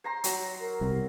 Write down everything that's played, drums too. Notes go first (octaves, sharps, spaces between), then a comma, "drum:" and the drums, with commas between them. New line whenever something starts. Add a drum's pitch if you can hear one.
C5 A#5 C6
F#3, drum: hi-hat
A#4
C2 C3